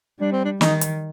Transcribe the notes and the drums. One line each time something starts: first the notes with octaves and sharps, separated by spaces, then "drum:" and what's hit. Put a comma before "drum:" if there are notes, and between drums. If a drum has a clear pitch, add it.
G3 D4
C4
D4
D#3 D#4, drum: snare
drum: hi-hat